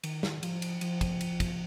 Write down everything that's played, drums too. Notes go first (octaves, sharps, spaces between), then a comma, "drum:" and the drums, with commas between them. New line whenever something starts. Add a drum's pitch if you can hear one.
D#3, drum: cymbal
drum: snare
F3, drum: cymbal
drum: cymbal
F3, drum: cymbal
drum: kick, cymbal
drum: cymbal
drum: kick, cymbal